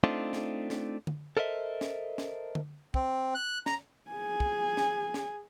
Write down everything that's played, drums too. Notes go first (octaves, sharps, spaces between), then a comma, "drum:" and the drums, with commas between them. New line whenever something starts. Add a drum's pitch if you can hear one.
A3 C4 D4 D#4 F4
drum: snare
drum: snare
drum: tom D3
A4 A#4 C5 D#5 E5
drum: snare
drum: snare
drum: tom D3
C4, drum: kick
F#6
A#5, drum: snare
G#4 G#5
drum: kick
drum: snare
drum: snare